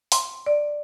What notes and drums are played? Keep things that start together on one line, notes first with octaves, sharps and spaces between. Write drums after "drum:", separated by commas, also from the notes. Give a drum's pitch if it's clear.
C6, drum: open hi-hat
D5